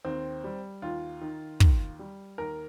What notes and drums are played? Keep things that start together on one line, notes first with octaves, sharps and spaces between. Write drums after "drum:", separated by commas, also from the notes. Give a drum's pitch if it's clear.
D#2 C4
G3
D#2 F4
D#3
D#2, drum: kick
G3
D#2 A#4